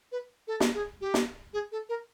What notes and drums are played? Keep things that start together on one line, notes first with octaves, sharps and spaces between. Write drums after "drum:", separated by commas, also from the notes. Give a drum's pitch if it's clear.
B4
A4
drum: snare
G#4
G4
drum: snare
G#4
A4
A#4